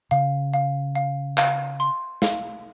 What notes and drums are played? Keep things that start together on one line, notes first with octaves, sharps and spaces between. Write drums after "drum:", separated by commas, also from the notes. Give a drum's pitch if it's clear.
C#3 F5
F5
F5
F5, drum: clap
C6
F5, drum: snare